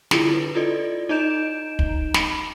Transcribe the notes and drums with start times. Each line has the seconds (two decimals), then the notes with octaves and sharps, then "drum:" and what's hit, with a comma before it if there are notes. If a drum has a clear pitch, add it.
0.11 D3 D4 E4 F4 A4, drum: snare
0.34 B4
0.54 E4 F4 A4 D5 D#5
1.09 D#4 D#5 A#5 G6 D7 E7
1.79 drum: kick
2.14 B5, drum: snare